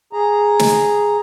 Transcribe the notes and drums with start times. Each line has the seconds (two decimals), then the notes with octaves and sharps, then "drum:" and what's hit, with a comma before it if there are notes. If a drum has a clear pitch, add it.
0.13 G#4 A#5
0.59 drum: snare